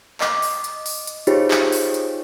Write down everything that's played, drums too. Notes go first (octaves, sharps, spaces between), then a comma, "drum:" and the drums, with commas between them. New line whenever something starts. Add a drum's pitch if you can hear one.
D#5 D6, drum: clap
drum: open hi-hat
drum: hi-hat
drum: open hi-hat
drum: hi-hat
D#4 F4 G4 G#4 C5 C#5, drum: hi-hat
drum: clap
drum: open hi-hat
drum: hi-hat